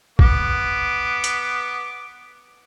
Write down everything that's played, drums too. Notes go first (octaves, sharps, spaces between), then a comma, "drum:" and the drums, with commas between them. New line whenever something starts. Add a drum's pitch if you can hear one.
B3 D6, drum: kick
drum: hi-hat